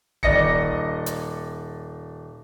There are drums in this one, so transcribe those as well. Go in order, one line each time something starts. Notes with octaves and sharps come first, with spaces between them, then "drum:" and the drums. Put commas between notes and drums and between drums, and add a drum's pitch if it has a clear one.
D#1 D5 D#5 A#6 C#7, drum: kick D1
drum: hi-hat